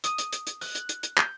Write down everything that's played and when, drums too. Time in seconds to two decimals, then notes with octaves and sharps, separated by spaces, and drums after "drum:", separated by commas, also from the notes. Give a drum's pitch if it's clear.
0.04 D#6, drum: hi-hat
0.18 drum: hi-hat
0.33 drum: hi-hat
0.47 drum: hi-hat
0.61 F#6, drum: open hi-hat
0.75 drum: hi-hat
0.89 drum: hi-hat
1.03 drum: hi-hat
1.17 G6, drum: clap